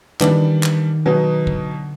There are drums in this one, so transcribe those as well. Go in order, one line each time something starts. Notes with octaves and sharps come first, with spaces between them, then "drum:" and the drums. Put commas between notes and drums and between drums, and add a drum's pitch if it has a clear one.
D#3 E3 G3 B3 D4, drum: clap
drum: clap
B2 F#3 B3 D#4
D3, drum: kick